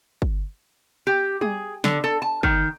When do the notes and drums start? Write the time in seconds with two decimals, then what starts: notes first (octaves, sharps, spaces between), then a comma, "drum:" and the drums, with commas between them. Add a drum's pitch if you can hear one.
0.22 drum: kick
1.07 G4
1.41 G#4, drum: tom G3
1.84 D3, drum: snare
2.04 A4
2.22 A5
2.43 D#3, drum: kick